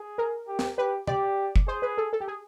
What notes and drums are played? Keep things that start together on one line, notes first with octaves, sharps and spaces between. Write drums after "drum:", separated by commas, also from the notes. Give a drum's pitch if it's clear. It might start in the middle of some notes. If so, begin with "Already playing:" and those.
Already playing: G#4
A#4
G4
drum: snare
G4 B4
G4 D5, drum: tom C3
drum: kick
G#4 C5
B4
A4
A4
G4
G#4